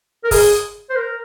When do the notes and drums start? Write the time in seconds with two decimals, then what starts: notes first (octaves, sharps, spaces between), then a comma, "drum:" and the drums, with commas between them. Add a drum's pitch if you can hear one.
0.24 A#4
0.31 G#4, drum: kick, open hi-hat
0.90 C5
0.96 A#4